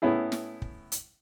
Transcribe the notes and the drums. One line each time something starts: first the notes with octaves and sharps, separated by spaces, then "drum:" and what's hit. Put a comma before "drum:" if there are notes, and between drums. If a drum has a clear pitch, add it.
A2 B3 C#4 E4 G#4
drum: snare
drum: kick
drum: hi-hat